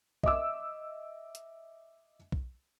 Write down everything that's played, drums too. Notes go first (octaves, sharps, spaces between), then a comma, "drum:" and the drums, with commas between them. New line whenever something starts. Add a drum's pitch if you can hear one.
D#5 E5 D6 E6, drum: kick
drum: hi-hat
drum: kick